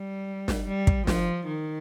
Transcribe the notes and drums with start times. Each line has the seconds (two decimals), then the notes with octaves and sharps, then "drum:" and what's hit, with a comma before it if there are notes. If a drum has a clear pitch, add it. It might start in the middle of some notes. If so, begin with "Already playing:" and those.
Already playing: G3
0.48 drum: snare
0.67 G3
0.87 drum: kick
1.07 F3, drum: snare
1.46 D#3